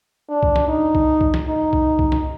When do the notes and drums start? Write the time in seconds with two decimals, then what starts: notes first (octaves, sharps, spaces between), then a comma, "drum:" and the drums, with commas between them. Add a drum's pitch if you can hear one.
0.29 D4
0.43 drum: kick C2
0.56 drum: snare
0.68 D#4
0.95 drum: kick C2
1.21 drum: kick C2
1.34 drum: snare
1.47 D#4
1.73 drum: kick C2
1.99 drum: kick C2
2.12 drum: snare